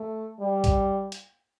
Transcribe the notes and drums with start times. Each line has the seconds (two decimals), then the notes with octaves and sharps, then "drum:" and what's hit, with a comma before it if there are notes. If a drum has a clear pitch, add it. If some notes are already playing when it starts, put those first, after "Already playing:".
Already playing: A3
0.40 G3
0.64 drum: kick, hi-hat
1.12 drum: hi-hat